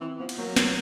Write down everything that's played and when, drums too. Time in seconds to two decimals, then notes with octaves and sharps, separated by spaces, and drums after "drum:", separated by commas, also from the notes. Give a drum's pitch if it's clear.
0.01 E3 C4
0.20 F3 B3
0.29 drum: cymbal
0.38 F#3 A#3
0.56 A#3, drum: snare